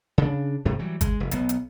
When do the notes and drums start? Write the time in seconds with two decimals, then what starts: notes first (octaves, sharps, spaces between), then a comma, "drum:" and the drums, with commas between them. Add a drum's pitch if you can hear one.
0.18 C#3 D4
0.65 G#2 C3 G3 A3
0.79 E3 F#3 G3
1.01 G#3, drum: kick, hi-hat
1.20 F1
1.31 B1 B3, drum: hi-hat
1.49 drum: hi-hat